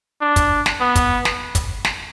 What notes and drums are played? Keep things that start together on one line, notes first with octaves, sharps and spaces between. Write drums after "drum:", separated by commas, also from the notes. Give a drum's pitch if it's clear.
D4
drum: kick, hi-hat
drum: snare
B3
drum: kick, hi-hat
drum: snare
drum: kick, hi-hat
drum: snare